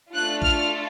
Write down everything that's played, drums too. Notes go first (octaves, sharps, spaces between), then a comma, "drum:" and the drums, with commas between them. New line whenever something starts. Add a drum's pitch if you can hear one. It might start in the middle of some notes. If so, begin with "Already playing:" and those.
A3 D4 F4 A4 F#6
F6, drum: kick